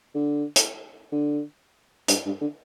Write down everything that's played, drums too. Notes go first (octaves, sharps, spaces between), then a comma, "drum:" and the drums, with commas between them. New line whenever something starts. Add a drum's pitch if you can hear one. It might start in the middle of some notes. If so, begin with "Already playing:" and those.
D3
drum: hi-hat
D3
G2, drum: hi-hat
G2
D3